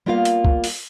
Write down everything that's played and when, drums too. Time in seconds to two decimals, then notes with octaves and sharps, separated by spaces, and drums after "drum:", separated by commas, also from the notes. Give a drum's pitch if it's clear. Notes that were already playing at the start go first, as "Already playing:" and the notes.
0.06 G3 A#3 B3 F4 A#4 F5
0.25 drum: hi-hat
0.45 drum: kick C2
0.64 drum: open hi-hat